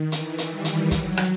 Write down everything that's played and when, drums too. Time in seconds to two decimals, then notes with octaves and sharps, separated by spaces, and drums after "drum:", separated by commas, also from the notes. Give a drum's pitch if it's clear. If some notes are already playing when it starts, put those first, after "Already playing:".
Already playing: D#3
0.12 E3, drum: hi-hat
0.38 drum: hi-hat
0.51 G3
0.65 drum: hi-hat
0.91 F#3, drum: kick, hi-hat
1.17 drum: rim click